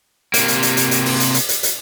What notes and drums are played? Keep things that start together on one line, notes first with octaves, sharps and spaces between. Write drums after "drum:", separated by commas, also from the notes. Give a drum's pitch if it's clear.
C3 A#3, drum: hi-hat
drum: hi-hat
drum: hi-hat
drum: hi-hat
drum: hi-hat
drum: open hi-hat
drum: hi-hat
drum: hi-hat
drum: hi-hat
drum: hi-hat